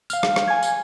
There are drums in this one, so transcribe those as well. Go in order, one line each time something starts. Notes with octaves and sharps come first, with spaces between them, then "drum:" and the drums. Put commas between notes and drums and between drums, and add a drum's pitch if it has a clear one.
F5 F6, drum: tambourine
drum: rim click
drum: rim click
G#5 G#6
drum: tambourine